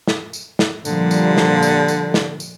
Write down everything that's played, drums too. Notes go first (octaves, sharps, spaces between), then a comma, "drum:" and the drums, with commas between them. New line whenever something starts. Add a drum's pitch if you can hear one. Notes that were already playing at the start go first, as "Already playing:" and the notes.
drum: snare
drum: tambourine
drum: snare
A#2 D3 F3 G3, drum: tambourine
drum: tambourine
drum: snare
drum: tambourine
drum: tambourine
drum: snare
drum: tambourine